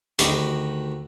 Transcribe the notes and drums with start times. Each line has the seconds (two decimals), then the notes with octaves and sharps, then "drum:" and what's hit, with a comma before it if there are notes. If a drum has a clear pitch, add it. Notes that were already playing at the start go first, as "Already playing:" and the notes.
0.19 D2 D#3 F#4 G4 D#5 B5, drum: hi-hat